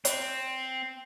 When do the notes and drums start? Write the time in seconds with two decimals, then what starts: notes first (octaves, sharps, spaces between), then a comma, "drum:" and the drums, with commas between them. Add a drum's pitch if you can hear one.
0.05 C4, drum: hi-hat